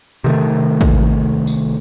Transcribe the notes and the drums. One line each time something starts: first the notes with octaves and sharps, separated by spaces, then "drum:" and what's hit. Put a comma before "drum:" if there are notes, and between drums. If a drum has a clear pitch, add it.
C3 D#3 A3
drum: kick
drum: tambourine